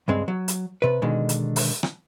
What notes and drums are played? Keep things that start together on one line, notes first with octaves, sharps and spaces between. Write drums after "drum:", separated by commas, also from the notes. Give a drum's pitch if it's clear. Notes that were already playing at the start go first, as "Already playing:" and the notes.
C#2 G2 G#3 C4
F#3
drum: hi-hat
C3 B4
B2 D3 D#3 G#3
drum: hi-hat
drum: open hi-hat
drum: rim click